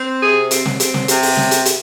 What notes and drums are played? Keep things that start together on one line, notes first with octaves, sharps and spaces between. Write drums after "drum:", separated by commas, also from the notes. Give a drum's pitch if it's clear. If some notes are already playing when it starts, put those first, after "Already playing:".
Already playing: C4
C3 G#4
C4, drum: hi-hat
drum: snare
C4, drum: hi-hat
drum: snare
C3, drum: hi-hat
drum: open hi-hat
drum: snare
drum: hi-hat
drum: hi-hat